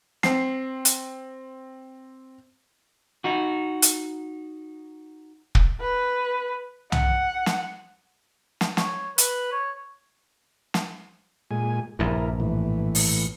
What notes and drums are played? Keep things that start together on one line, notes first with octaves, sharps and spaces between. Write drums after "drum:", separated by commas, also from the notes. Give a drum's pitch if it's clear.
C4 C7, drum: snare
drum: hi-hat
D#4 F#4
drum: hi-hat
drum: kick
B4
F#5, drum: tom C2
drum: snare
drum: snare
C#5, drum: snare
B4, drum: hi-hat
C#5
drum: snare
A#2 G#3 G#5
A#1 G2 E4 A#4
A2 E3
drum: open hi-hat